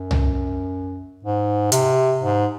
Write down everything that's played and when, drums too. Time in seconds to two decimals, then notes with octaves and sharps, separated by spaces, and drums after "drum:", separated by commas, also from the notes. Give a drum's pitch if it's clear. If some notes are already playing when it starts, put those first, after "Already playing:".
Already playing: F#2
0.11 drum: tom C2
1.25 G#2
1.72 C3, drum: hi-hat
2.19 G#2